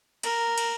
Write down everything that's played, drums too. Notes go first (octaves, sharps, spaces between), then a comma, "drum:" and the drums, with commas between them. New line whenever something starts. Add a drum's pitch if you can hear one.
A#4, drum: cymbal
drum: cymbal